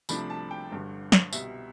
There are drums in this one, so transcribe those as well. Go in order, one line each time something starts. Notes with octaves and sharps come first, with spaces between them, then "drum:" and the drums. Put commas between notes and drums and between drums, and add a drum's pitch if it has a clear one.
C2 C3 F3 A3 D4 B5, drum: tambourine
A5
G5
G1 G2 D3
drum: snare
C2 B2 G3 E5, drum: tambourine